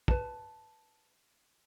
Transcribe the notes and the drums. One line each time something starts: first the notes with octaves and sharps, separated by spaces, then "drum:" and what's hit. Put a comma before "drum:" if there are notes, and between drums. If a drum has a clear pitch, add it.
B4 A5, drum: kick